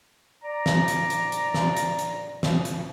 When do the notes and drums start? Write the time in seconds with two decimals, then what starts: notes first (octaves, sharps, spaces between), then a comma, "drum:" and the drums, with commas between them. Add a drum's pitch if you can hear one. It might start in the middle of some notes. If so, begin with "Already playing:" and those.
0.44 D5 A#5
0.66 drum: snare
0.88 drum: hi-hat
1.10 drum: hi-hat
1.32 drum: hi-hat
1.54 drum: snare
1.77 drum: hi-hat
1.99 drum: hi-hat
2.43 drum: snare
2.65 drum: hi-hat